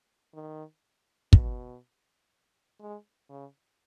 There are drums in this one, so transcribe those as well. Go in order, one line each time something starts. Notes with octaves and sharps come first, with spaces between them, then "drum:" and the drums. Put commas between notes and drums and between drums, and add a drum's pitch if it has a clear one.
D#3
B2, drum: kick
G#3
C#3